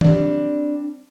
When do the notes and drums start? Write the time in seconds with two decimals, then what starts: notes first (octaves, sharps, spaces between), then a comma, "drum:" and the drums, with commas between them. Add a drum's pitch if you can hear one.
0.01 G3 C4 D4 D5, drum: tom D#3